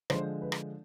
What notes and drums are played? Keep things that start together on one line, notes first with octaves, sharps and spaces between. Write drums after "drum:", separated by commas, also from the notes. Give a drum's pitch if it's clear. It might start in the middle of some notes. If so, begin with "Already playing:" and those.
D3 F3 G#3 C5, drum: rim click
B4
drum: rim click